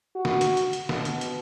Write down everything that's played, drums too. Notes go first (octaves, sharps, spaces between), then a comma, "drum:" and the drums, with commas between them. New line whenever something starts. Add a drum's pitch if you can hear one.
F#4
drum: snare
drum: hi-hat
drum: hi-hat
drum: hi-hat
B2, drum: snare
drum: hi-hat
drum: hi-hat